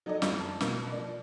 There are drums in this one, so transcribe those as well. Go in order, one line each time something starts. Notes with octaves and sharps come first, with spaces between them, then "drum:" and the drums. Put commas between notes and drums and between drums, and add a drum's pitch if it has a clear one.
F#3 D#4 A4 D5 D#5
F#2, drum: snare
A5
B2 A#3, drum: snare
F3 D4 D5